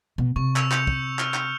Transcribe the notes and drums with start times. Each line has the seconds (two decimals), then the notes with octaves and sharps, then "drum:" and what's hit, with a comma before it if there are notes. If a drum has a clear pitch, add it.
0.18 B2
0.36 C3 C#6
0.56 E6 F7, drum: clap
0.71 G6 C#7 F7, drum: clap
0.87 drum: kick
1.19 F6, drum: clap
1.34 drum: clap